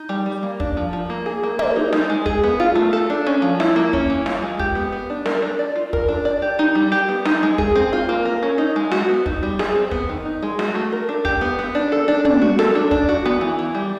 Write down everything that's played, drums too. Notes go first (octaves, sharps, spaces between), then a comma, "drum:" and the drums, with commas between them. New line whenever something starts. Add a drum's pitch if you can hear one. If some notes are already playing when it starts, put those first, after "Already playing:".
Already playing: D#4
G3
G3
A#3
D4, drum: kick
F3
F3
A#3
G#4
A#3
A#3, drum: tom
D#4
D#4, drum: snare
G#3
G#4, drum: kick
B3
F4
A3
A4
D4
C#4
F3
E4, drum: snare
A#3
C#4, drum: kick
E3
F4, drum: snare
G#3
G4, drum: kick
B3
B3
D4
A#4, drum: snare
D4
D5
F4
A#4, drum: kick
D4
D5
G4
D#4
G3
G4
B3
D#4, drum: snare
G#3
G#4, drum: kick
C4
F4
A#3
A#4
C#4
D#4
G#3
F#4, drum: snare
B3
D#4, drum: kick
G3
G#4, drum: snare
C4
B3, drum: kick
D#3
D#4
G#3
F#4, drum: snare
A3
A#4
D4
G4, drum: kick
B3
B3
D4
A4
D4
D4, drum: tom
F#4
A4, drum: snare
D4
D4, drum: kick
F#4
B3
E3
E3
G3